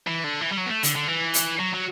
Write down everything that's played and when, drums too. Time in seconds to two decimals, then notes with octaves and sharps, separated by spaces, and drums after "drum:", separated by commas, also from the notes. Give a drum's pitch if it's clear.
0.07 E3
0.24 D3
0.41 E3
0.51 G3
0.57 F#3
0.66 B3
0.70 A3
0.83 D3, drum: hi-hat
0.96 D3
1.08 E3
1.34 drum: hi-hat
1.59 F#3
1.74 F#3